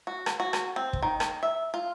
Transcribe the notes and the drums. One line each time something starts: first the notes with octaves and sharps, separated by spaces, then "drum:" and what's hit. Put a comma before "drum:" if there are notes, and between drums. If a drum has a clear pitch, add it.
F#4
drum: rim click
F#4
drum: rim click
C4
drum: kick
D#3
drum: rim click
E5
F4